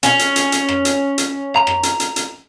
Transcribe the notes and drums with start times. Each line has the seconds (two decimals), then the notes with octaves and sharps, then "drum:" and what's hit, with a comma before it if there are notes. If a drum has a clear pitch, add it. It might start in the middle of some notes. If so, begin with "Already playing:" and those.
0.03 C#4, drum: hi-hat
0.19 drum: hi-hat
0.36 drum: hi-hat
0.52 drum: hi-hat
0.69 drum: rim click
0.85 drum: hi-hat
1.18 drum: hi-hat
1.56 A#5
1.67 drum: rim click
1.83 drum: hi-hat
2.00 drum: hi-hat
2.16 drum: hi-hat